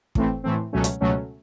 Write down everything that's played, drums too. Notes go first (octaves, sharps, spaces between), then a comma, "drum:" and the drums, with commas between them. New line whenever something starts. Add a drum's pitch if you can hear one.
A2 E3 A3 C4, drum: kick
A2 E3 A3 C4
C#2 B2 F#3 A3 C#4
drum: hi-hat
C#2 B2 F#3 A3 C#4